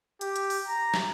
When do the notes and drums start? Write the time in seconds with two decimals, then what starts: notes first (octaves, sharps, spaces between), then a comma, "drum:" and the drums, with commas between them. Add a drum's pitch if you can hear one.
0.21 G4, drum: hi-hat
0.36 drum: hi-hat
0.50 drum: open hi-hat
0.68 A#5
0.94 drum: snare